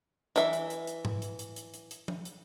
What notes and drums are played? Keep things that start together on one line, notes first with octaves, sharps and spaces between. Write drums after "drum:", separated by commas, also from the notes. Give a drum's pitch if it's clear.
E3 E5, drum: hi-hat
drum: hi-hat
drum: hi-hat
drum: hi-hat
drum: tom G#2
drum: hi-hat
drum: hi-hat
drum: hi-hat
drum: hi-hat
drum: hi-hat
drum: tom F3
drum: hi-hat